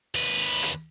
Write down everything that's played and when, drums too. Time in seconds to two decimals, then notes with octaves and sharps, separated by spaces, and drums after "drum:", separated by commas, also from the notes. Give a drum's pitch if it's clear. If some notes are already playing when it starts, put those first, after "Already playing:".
0.15 D#2 B4
0.63 drum: hi-hat